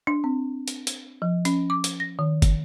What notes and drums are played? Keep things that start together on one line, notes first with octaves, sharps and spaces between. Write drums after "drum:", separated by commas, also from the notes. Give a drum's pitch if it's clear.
D4
C4
drum: hi-hat
drum: hi-hat
F3
C#4, drum: hi-hat
D6
drum: hi-hat
A#6
D#3
drum: kick, hi-hat